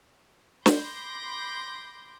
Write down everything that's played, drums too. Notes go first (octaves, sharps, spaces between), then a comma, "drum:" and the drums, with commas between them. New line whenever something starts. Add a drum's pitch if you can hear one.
B5 C6 D6 G6 A#6, drum: snare